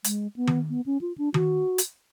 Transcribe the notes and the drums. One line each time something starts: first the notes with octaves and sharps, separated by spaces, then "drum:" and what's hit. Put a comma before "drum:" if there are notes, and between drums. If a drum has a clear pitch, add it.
G#3, drum: hi-hat
B3
drum: tom D#3
B3
C#4
F4
D4
F#4, drum: tom D#3
drum: hi-hat